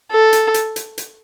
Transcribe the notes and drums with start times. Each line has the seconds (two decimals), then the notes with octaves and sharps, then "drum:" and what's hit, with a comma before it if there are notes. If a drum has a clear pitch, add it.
0.12 A4
0.33 drum: hi-hat
0.54 drum: hi-hat
0.76 drum: hi-hat
0.98 drum: hi-hat